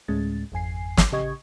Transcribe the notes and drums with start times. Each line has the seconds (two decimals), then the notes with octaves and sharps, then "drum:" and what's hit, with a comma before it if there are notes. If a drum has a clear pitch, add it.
0.08 D2 A2 G#3 C#4 A6
0.52 G#1 F2 G#5 C7
0.97 drum: snare
1.12 A1 C#3 G4 D#5 C#6 G#6